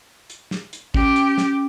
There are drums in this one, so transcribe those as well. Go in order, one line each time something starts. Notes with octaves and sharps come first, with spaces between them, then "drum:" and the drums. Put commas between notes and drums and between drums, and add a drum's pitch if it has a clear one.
drum: hi-hat
drum: snare
drum: hi-hat
C#4 G4, drum: kick
drum: hi-hat
drum: snare